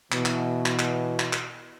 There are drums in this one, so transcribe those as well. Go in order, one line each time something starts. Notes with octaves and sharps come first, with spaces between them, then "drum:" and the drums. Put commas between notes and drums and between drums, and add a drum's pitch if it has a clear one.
B2 E3, drum: clap
drum: clap
drum: clap
drum: clap
drum: clap
drum: clap